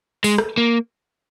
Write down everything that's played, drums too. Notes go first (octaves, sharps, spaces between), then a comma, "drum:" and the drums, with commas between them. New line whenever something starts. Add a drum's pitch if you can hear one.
G#3, drum: open hi-hat
drum: rim click
A#3